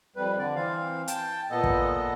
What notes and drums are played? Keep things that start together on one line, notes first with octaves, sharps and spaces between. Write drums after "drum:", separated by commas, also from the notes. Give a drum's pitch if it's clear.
F2 G3 B4
D3 D5
E3 C4 F5
G5 A5, drum: hi-hat
A#2 B3 A4 D#5
drum: kick